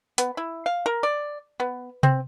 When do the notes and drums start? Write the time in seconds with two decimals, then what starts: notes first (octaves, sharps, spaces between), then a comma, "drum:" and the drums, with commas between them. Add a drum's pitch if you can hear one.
0.18 B3, drum: hi-hat
0.37 E4
0.66 F5
0.86 A#4
1.03 D5
1.60 B3
2.03 C4, drum: tom C3